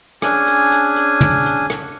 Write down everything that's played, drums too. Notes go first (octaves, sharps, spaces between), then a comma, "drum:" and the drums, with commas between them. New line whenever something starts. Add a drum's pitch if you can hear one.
C#4 D4 G#4 G#5, drum: rim click
drum: hi-hat
drum: hi-hat
drum: hi-hat
drum: tom
drum: hi-hat
drum: rim click